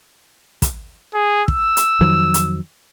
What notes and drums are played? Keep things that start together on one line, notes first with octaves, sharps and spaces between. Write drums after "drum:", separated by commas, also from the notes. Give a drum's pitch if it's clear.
drum: kick, hi-hat
G#4
E6, drum: kick
drum: hi-hat
F2 D#3 F#3
drum: hi-hat